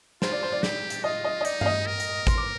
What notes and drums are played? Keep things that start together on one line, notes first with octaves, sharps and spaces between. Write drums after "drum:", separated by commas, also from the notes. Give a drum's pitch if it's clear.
F4 C5, drum: snare
D5
C5
D5
G4, drum: snare
drum: hi-hat
F4 D#5
D#5
D#5
D#4 D5, drum: hi-hat
F5, drum: tom G2
D#5
A#4
drum: hi-hat
C6, drum: kick, hi-hat
D6